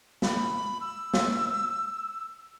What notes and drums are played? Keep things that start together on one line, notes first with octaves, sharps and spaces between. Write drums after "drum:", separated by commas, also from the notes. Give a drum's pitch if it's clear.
B5, drum: snare
E6
drum: snare